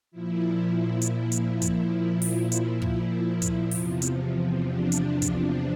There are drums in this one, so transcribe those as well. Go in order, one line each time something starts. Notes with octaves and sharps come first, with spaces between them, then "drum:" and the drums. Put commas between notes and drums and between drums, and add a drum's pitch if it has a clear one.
A#2 F3 E4
E4, drum: hi-hat
drum: hi-hat
drum: kick, hi-hat
drum: open hi-hat
drum: hi-hat
drum: kick
drum: kick, hi-hat
E2 C3 F3, drum: open hi-hat
drum: hi-hat
D4
drum: hi-hat
drum: kick, hi-hat